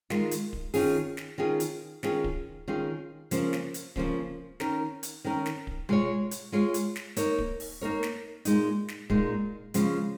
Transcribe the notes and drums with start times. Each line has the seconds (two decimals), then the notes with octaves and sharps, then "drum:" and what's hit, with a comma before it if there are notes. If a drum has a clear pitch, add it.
0.10 D#3 G#3 F4, drum: snare
0.31 drum: hi-hat
0.53 drum: kick D1
0.74 D#3 C#4 F4 G#4, drum: open hi-hat
1.17 drum: snare
1.38 D#3 C#4 F4 G#4
1.60 drum: hi-hat
2.03 D#3 C#4 F4 G#4, drum: snare
2.24 drum: kick D1
2.68 D#3 C#4 F4 G#4
3.31 C#3 F3 A#3 C#4, drum: hi-hat
3.53 drum: snare
3.74 drum: hi-hat
3.96 C#3 F3 A#3 C#4, drum: kick D1
4.60 D#3 C#4 A#4, drum: snare
5.03 drum: hi-hat
5.24 D#3 C#4 A#4
5.46 drum: snare
5.67 drum: kick D1
5.89 G#3 F4 G#4 C#5, drum: tom B2
6.31 drum: hi-hat
6.52 G#3 F4 G#4 C#5
6.74 drum: hi-hat
6.96 drum: snare
7.16 A#3 D#4 A#4 C#5, drum: hi-hat
7.38 drum: kick D1
7.60 drum: open hi-hat
7.81 A#3 D#4 A#4 C#5
8.03 drum: snare
8.45 A#2 G#3 D#4, drum: hi-hat
8.88 drum: snare
9.10 A#2 G#3 D#4, drum: kick D1
9.74 C#3 F3 G#3 C#4 F4, drum: hi-hat